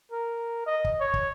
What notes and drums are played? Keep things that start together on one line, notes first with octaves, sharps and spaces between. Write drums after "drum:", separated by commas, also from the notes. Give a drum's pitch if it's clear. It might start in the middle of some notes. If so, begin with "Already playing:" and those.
A#4
D#5
drum: kick
C#5
drum: kick